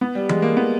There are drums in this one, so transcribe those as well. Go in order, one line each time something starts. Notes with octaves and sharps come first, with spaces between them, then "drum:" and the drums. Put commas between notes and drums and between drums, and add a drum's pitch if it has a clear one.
B3
G3
G#3, drum: tom E3
A#3
B3